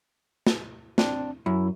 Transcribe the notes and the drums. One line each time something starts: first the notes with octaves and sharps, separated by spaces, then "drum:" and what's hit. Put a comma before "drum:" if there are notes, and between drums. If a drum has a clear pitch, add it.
drum: snare
C4 D4, drum: snare
F#2 E4